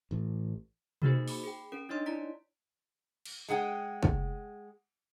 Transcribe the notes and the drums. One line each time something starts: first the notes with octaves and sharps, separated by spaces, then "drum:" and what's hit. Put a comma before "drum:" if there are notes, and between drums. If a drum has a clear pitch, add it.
A1
A#3 D#4 F#4 G#4 A#4 C5, drum: tom B2
B5 D6 C#7, drum: open hi-hat
G#4 G5
C#4 A#4 D7
D4 D#4 C#5 D#5 C6
E4 D5 A#5 B6 D7
drum: cymbal
G#3 G#4 F#5 G5
drum: kick F#1